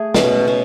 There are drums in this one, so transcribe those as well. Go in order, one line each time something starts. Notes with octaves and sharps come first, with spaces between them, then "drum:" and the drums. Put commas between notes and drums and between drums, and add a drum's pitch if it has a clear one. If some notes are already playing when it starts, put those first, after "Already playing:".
Already playing: A3 G#4
B2 C#4, drum: snare
B2 C#4